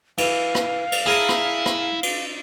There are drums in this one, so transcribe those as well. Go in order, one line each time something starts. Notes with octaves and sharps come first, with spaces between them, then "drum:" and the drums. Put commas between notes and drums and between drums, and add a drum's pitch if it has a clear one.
E3 F5, drum: cymbal
drum: rim click
drum: cymbal
E4 G#4 A#4 A5
drum: rim click
drum: rim click
drum: cymbal